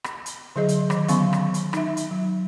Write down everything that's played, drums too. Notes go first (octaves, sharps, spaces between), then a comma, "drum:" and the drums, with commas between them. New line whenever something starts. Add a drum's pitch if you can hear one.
drum: rim click
drum: hi-hat
D3 F#3 G#4 D#5
drum: hi-hat
D#3, drum: rim click
D3 F#3 B3 C#4 F5 C#6, drum: hi-hat
drum: rim click
drum: hi-hat
D#4 E5, drum: rim click
drum: hi-hat
F#3